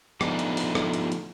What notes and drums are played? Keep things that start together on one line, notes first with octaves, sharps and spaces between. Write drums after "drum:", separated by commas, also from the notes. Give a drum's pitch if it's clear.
F3 A3 B3 D4 D#4, drum: rim click
drum: hi-hat
drum: open hi-hat
drum: rim click
drum: hi-hat
drum: hi-hat